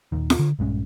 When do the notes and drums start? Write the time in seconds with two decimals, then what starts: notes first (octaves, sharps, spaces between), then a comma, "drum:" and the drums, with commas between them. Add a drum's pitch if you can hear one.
0.12 D#1 A#1 D#2 D#3
0.30 drum: snare F4
0.39 D3
0.59 A#1 G2 G#3 C#4